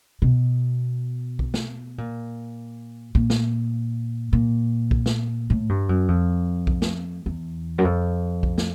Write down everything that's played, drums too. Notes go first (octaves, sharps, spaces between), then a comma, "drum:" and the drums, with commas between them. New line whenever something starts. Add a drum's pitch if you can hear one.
B2
drum: kick B1
drum: snare
A#2
A#2, drum: kick B1
drum: snare
A#2
drum: kick B1
drum: snare
A2
G2
F#2
F2
drum: kick B1
drum: snare
E2
F#2
F2
drum: kick B1
drum: snare